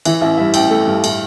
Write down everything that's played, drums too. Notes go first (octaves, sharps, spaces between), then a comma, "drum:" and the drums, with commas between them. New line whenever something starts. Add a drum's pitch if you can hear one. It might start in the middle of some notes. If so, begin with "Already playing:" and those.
E3 E4, drum: cymbal
A1 E4
G2 E5
A1 G5, drum: cymbal
A3
G2
A2, drum: cymbal